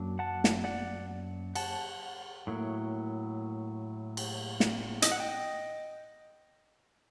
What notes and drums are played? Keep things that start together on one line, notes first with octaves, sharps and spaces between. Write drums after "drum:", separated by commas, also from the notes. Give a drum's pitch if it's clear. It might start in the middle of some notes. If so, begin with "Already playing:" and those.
Already playing: F#2 F#3 A#3 D4
F#5 A5
drum: snare
D5 F#5
F#5 A5, drum: cymbal
A2 F#3 A#3
drum: cymbal
drum: snare
D#5, drum: hi-hat
F#5
D#5 G5